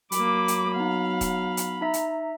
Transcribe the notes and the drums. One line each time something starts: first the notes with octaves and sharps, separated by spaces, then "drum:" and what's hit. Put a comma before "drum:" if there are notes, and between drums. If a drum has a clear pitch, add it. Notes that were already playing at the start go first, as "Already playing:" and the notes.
F#3 A#3 B5 D6, drum: hi-hat
drum: hi-hat
B3 D#4 F5
drum: kick, hi-hat
drum: hi-hat
D#4 E5 A#5
drum: hi-hat